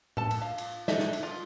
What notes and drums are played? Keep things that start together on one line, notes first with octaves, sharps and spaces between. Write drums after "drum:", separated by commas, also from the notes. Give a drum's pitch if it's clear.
A4 A5, drum: tom A2
drum: cymbal
F5
drum: cymbal
D4 D#4 A4 D#5 E5, drum: snare
drum: snare
drum: cymbal
F4